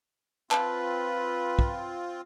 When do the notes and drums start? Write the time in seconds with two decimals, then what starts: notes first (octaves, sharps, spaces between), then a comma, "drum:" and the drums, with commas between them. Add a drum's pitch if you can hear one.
0.51 C4 F4 B4 A5, drum: clap
1.59 drum: kick